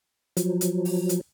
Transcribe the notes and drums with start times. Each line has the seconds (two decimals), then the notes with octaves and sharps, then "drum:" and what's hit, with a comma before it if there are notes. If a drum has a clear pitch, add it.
0.37 F3 F#3, drum: hi-hat
0.61 drum: hi-hat
0.85 drum: open hi-hat
1.09 drum: hi-hat